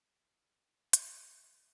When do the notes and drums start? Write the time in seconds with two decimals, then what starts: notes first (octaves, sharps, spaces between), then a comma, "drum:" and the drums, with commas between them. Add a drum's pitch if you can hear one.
0.20 A#3
0.93 B3, drum: hi-hat